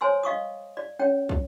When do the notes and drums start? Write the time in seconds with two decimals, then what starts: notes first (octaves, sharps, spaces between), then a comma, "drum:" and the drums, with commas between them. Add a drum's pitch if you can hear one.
0.01 C5 C#5 G#5 C6 E6
0.23 D#5 F5 C#6 D#6
0.77 D5
0.99 C#4 C#5 G5
1.29 drum: kick